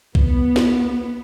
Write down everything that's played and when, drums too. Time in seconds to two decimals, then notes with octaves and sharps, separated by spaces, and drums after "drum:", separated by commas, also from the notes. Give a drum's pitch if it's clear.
0.15 B3, drum: kick B1
0.56 drum: snare